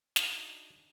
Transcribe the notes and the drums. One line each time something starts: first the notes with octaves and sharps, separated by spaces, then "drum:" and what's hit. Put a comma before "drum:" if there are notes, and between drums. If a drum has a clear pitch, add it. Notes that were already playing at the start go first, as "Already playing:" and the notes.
D4 D#4 F#4 G#4 D5 E5, drum: snare